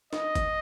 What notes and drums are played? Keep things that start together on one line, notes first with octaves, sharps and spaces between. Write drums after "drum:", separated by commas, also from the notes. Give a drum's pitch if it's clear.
D#5, drum: snare
drum: kick, hi-hat